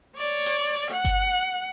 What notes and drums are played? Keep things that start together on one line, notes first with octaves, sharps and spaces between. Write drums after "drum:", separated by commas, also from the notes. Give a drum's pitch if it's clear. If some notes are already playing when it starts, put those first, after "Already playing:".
C#5 D5
drum: hi-hat
drum: open hi-hat
F#5
drum: kick G1, hi-hat